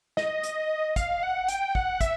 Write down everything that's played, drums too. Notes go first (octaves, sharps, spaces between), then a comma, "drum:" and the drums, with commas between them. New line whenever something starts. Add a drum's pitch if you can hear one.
D#5, drum: snare
drum: hi-hat
F5, drum: kick, hi-hat
F#5
G5, drum: hi-hat
F#5, drum: kick
E5, drum: kick, hi-hat